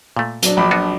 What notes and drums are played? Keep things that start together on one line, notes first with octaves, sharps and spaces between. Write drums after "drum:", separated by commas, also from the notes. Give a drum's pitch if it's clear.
A#2 A3
F#3 D4, drum: hi-hat
A#1 B5 D6
B3 F4 F#4